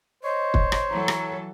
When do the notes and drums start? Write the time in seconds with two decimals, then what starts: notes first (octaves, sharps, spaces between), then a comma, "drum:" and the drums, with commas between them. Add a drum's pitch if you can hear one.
0.24 C5 C#5 D#5
0.54 drum: kick
0.72 drum: rim click
0.90 E3 F#3 A4 A#5
1.08 drum: rim click